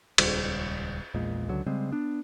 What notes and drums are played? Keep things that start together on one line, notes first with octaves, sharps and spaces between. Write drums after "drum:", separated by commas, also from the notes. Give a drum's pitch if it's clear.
D#1 C#2 G3, drum: cymbal
A#1 E2 A#2 G#3
C#2 D3 F#3
C#3 G3 G#3 C4
B3 D4